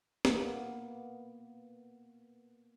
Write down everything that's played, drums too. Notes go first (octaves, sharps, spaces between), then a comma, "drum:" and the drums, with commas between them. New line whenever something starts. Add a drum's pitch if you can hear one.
A#3 B3, drum: snare